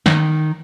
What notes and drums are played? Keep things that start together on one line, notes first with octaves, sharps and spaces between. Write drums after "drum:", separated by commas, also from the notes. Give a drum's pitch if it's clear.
D#3, drum: snare